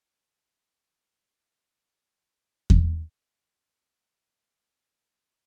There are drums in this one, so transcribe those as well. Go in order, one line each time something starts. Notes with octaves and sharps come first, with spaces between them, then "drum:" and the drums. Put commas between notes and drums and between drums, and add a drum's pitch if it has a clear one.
A5 C#7
F#4 A5
G#3 F4
drum: kick E2
E5
D#4